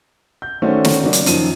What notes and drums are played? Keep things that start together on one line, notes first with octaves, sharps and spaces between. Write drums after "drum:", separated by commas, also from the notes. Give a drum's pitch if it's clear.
G6
D#3 A3 C#4 D4 F#4 C5
drum: snare
C#3 F#3 A#3 C#4 D4
drum: hi-hat
F#2 D#3 F3 D#4 D#7, drum: hi-hat